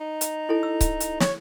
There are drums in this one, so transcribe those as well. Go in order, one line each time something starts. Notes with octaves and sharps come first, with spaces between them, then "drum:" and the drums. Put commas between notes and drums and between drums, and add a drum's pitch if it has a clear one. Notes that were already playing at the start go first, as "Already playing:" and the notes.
D#4
drum: hi-hat
E4 A4 A5
E6
drum: kick C#1, hi-hat
drum: hi-hat
C#5, drum: snare